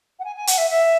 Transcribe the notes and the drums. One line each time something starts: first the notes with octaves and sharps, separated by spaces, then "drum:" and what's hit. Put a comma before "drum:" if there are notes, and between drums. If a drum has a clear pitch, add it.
F#5
G#5
G#5
F#5, drum: hi-hat
E5
E5